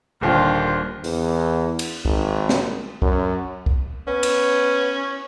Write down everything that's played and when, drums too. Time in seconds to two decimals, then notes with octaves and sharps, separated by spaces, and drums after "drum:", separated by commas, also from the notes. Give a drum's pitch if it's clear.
0.21 D#1 D#2 D3 F4 C5
1.04 E2, drum: open hi-hat
1.79 drum: cymbal
2.05 G#1, drum: kick
2.49 drum: snare
3.02 F#2, drum: kick
3.66 drum: kick
4.07 B3 C#4
4.23 drum: cymbal